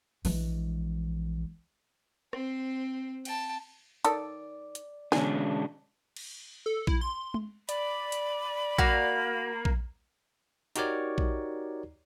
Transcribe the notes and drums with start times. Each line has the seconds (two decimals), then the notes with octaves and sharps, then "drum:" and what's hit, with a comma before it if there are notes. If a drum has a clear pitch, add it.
0.25 A#1 E3 G#3, drum: open hi-hat
2.33 C4 C5, drum: rim click
3.25 G5 A5, drum: cymbal
4.05 D#3 A4 D5, drum: hi-hat
4.75 drum: hi-hat
5.12 B2 D3 E3 G#3 C#4 D4 G#5, drum: snare
6.16 drum: cymbal
6.66 A4
6.87 E4, drum: kick A#1
7.01 C6
7.34 drum: tom
7.69 D5 B5, drum: hi-hat
8.12 drum: hi-hat
8.78 A#3 F#4 F5, drum: kick A#1
9.65 drum: kick A#1
10.76 D#4 F#4 G4 A#4 C#5 D5, drum: hi-hat
11.18 drum: kick A#1